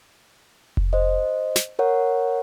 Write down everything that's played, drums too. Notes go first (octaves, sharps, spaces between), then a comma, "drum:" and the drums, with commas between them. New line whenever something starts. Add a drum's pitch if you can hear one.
drum: kick F1
C5 D#5
drum: snare
A#4 C#5 F#5